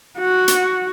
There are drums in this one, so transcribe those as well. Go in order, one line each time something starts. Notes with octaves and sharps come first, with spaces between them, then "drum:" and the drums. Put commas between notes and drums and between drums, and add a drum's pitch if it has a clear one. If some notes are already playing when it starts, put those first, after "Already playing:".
F#4
drum: hi-hat